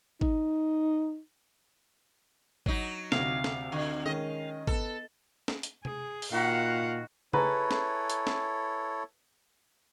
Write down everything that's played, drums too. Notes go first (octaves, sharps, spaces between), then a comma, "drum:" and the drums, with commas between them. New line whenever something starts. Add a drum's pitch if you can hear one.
D#4, drum: kick G#1
F#3 D#4, drum: kick G#1
D2 C3 F5, drum: snare
drum: snare
D3
D#3 G#3 C#4 D#5
B3 A4, drum: kick G#1
drum: snare
drum: hi-hat
G#4, drum: tom C3
drum: open hi-hat
A#2 D#3 F#4 F5 F#5 B5
E4 G#4 A4 B4 C#5 A#5, drum: tom C#3
drum: snare
drum: hi-hat
drum: snare